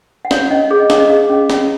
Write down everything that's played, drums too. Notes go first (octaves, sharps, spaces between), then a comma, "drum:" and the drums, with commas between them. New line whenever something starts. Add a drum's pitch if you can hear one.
F#5
C#5 F5, drum: snare
C#4 D#5
G#4 C#5
D#5
C#4 F5, drum: snare
D#5
G#4 F5
C#4
C#4, drum: snare